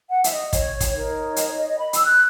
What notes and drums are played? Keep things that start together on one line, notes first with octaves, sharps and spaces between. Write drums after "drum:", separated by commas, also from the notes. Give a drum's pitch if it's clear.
F#5
E5, drum: hi-hat
D#5
C#5, drum: kick, hi-hat
drum: kick, hi-hat
D#4 A#4 C#5
D#5, drum: hi-hat
C#5
D#5
D#5
B5
E6, drum: hi-hat
F#6